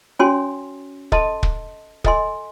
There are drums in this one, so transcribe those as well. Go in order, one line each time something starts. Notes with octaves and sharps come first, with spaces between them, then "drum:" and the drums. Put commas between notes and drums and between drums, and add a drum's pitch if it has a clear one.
C#4 F#4 C#5 G#5 C6
A4 D#5 A5 C6, drum: kick
drum: kick
A4 D#5 G#5 C6, drum: kick